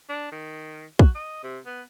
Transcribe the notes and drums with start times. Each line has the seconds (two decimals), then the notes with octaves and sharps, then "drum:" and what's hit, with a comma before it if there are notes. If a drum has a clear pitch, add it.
0.09 D4
0.32 D#3
0.99 F#4, drum: kick
1.15 D#5
1.44 C3
1.66 B3